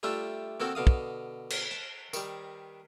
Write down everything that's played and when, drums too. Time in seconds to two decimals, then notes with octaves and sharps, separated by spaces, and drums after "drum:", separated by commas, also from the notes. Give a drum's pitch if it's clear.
0.03 G3 A3 D4 F4 G4 E5
0.60 D#3 A#3 C4 F#4 A4
0.75 B2 D3 F5 D#6
0.87 drum: kick
1.50 drum: cymbal
1.71 A5
2.13 D#3 G3, drum: tambourine